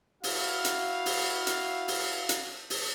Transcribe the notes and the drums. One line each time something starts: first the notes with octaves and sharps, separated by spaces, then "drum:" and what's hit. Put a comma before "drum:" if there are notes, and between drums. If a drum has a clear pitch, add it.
E4 F#4 F5, drum: open hi-hat
drum: hi-hat
drum: open hi-hat
drum: hi-hat
drum: open hi-hat
drum: hi-hat
drum: open hi-hat